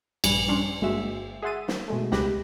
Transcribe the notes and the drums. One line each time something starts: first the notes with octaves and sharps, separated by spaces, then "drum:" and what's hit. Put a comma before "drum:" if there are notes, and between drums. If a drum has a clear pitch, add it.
A#1 G2 G3 B4 G#5, drum: cymbal
G3 C#4 D4 C6
G1 G#3 A#3 F#4 E5 E7
G#4 E5 F#5 C6 A6 D#7
drum: snare
B2 G#3 A3
C#2 G#3 G4 B5 F#6 A#6, drum: snare